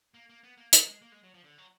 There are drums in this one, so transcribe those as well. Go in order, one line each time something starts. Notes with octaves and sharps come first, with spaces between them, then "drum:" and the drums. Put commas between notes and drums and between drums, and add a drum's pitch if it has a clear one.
A#3
A#3
B3
A#3
A#3, drum: hi-hat
G#3
A#3
G#3
F#3
F3
D3
F#3